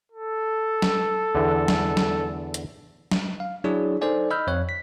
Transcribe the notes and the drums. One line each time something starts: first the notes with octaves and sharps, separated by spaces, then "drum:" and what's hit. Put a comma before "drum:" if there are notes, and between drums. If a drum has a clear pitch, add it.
A4
drum: snare
E2 D3
drum: snare
drum: snare
drum: hi-hat
drum: snare
F5
F#3 D4 E4 G#4 C#5 D5
D#4 A4 C5 D5 G#5
D#5 B5 E6 F6 G6
F2 C#5 F#6
B6